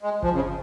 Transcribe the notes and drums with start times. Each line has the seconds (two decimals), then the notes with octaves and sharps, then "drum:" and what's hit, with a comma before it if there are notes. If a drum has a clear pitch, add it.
0.03 G#3
0.23 F3, drum: kick G1
0.33 C#3